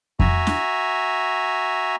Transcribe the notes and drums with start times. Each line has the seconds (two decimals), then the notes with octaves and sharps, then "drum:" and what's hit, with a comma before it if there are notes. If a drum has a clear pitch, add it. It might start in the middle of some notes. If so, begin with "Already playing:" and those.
0.20 F#4 E5 G#5 A#5, drum: kick F2
0.47 drum: snare